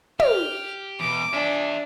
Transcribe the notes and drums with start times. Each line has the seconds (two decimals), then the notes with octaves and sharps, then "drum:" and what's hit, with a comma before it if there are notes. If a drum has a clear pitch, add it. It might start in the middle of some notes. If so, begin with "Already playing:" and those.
0.20 G4 F6, drum: tom
1.00 E2 B2 D6
1.33 D4 G#4 E5